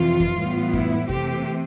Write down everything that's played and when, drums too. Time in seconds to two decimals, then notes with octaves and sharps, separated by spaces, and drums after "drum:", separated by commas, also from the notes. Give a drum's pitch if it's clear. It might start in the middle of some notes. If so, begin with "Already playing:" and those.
Already playing: F2 C3 E3 F4
0.20 drum: kick F2
0.38 A2 E3 G3 B3
0.73 E4, drum: kick F2
1.09 C3 E3 A3 C4 G4, drum: kick F2